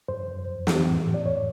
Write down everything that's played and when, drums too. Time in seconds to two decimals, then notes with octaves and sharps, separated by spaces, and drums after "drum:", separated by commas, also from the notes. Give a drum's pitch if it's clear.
0.08 F#2 C5
0.28 F#2
0.47 F2
0.67 E3, drum: snare
0.87 A2
1.06 A2
1.14 D5
1.25 F2 C#5